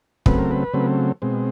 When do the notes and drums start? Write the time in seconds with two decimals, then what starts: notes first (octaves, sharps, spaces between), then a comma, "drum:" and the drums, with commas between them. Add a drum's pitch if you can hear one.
0.26 C#3 F#3 A3 C4 B4, drum: kick
0.39 A#4
0.51 B4
0.73 C#3 F#3 A3 C4
1.22 B2 G#3 C4